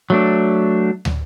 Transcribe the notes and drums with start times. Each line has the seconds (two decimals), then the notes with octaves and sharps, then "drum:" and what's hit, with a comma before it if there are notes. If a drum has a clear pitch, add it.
0.10 F#3 A3 D4
1.05 drum: tom